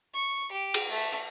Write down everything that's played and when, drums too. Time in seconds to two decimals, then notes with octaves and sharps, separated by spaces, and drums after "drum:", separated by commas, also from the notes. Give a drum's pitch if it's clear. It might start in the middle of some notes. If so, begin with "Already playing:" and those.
0.14 C#6
0.52 G4
0.74 drum: cymbal
0.90 A3